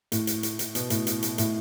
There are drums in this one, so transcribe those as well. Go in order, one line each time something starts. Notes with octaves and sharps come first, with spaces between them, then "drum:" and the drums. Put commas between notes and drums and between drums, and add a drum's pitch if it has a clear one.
A2, drum: hi-hat
drum: hi-hat
drum: hi-hat
drum: hi-hat
B2, drum: hi-hat
A2, drum: hi-hat
drum: hi-hat
drum: hi-hat
A2, drum: hi-hat